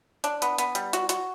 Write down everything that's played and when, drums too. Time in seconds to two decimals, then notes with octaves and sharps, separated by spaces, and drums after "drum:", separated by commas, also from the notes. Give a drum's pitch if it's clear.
0.24 D4, drum: hi-hat
0.42 B3, drum: hi-hat
0.58 B3, drum: hi-hat
0.75 G3, drum: hi-hat
0.93 F#4, drum: hi-hat
1.09 F#4, drum: hi-hat